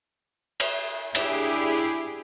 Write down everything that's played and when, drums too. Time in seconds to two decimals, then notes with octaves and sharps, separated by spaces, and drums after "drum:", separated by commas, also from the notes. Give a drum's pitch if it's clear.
0.60 drum: cymbal
1.15 D4 E4 G4 G#4, drum: cymbal